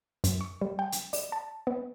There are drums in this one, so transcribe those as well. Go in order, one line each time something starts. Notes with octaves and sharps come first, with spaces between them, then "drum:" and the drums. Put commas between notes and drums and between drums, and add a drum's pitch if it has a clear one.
F#2, drum: hi-hat
C#6
G3
G5
drum: hi-hat
D5, drum: open hi-hat
A5
B3